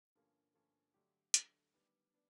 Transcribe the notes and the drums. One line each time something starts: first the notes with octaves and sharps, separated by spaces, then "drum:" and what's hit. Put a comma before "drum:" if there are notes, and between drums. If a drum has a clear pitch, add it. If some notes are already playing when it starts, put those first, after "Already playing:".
G2 D3 F3 A#3 C#4
G2 D3 F3 A#3 C#4
D3 F#3 A3 D4 G4
D3 F#3 A3 D4 G4, drum: hi-hat
D#3 G3 B3 D4
B3 D4